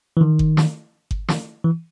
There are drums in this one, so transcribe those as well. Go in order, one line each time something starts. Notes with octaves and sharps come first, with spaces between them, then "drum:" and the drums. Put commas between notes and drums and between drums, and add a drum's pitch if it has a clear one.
E3
D#3
drum: kick G1
drum: snare
drum: kick G1
drum: snare
E3